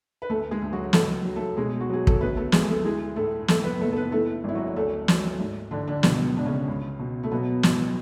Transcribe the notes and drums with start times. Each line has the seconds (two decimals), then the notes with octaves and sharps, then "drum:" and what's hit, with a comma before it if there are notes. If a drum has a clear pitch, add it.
0.22 B4
0.29 D2 A3 A4
0.51 G#3 G#4
0.62 D2
0.72 F#3 F#4
0.93 C#2 A3 A4, drum: snare
1.25 F#3
1.36 A3 A4
1.57 B2 G#3 G#4
1.80 F#4
1.90 F#3 G#4
2.07 A4, drum: kick
2.20 D2 B3 B4
2.37 A3 A4
2.52 D2 G#3 G#4, drum: snare
2.68 A3 A4
2.85 E3 G#3 G#4
3.16 A2 A3 A4
3.48 F#1 A3 A4, drum: snare
3.64 B3 B4
3.80 F#1 A3 A4
3.92 A4
3.96 B3 B4
4.12 E3 A3 A4
4.44 G#1 E4
4.55 F#3 F#4
4.76 D2 A3 A4
5.08 F#3, drum: snare
5.40 G#2
5.71 A1 D3 D4
5.88 D3 D4
6.03 C#2 B2 B3, drum: snare
6.36 C#2 D4
6.46 C#3 C#4
6.68 C#2
6.99 B2
7.23 A3
7.32 B2 F#3 B3
7.63 A1, drum: snare